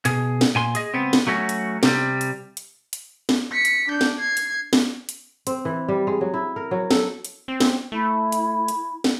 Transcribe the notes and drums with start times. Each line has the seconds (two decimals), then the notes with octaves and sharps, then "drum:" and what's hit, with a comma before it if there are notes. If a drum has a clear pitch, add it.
0.05 B2 G#4, drum: hi-hat
0.41 drum: snare
0.55 A#2 G#5 C6
0.75 G#4 D#5, drum: hi-hat
0.94 C#2 B3 C4
1.13 drum: snare
1.27 F#3 A3 C#4 F#4
1.49 drum: hi-hat
1.83 C3 G3, drum: snare
2.21 drum: hi-hat
2.57 drum: hi-hat
2.93 drum: hi-hat
3.29 drum: snare
3.52 B6 C#7
3.65 drum: hi-hat
3.88 D4 G6
4.01 drum: snare
4.19 G#6 C7
4.37 drum: hi-hat
4.73 drum: snare
5.09 drum: hi-hat
5.47 C4, drum: hi-hat
5.65 E3
5.88 G3
6.07 G#3
6.21 F#3
6.34 E4
6.56 A#4
6.71 F#3
6.91 A4, drum: snare
7.25 drum: hi-hat
7.48 C4
7.60 drum: snare
7.92 A3 E4
8.32 drum: hi-hat
8.68 drum: hi-hat
9.04 drum: snare